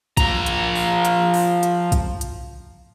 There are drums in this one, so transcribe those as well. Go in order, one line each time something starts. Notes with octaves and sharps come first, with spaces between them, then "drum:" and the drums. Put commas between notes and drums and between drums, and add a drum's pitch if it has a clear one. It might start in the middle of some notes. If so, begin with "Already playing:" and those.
F3 A#5, drum: kick, hi-hat
drum: hi-hat
drum: open hi-hat
drum: hi-hat
drum: open hi-hat
drum: hi-hat
drum: kick, hi-hat
drum: hi-hat